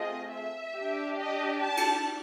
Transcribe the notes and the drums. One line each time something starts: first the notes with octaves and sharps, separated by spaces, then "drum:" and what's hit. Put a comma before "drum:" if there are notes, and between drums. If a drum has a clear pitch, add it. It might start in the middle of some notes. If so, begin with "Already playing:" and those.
Already playing: A3 C4 F4 G#4 D#5
E5
D4 G4
D#5
A5
drum: cymbal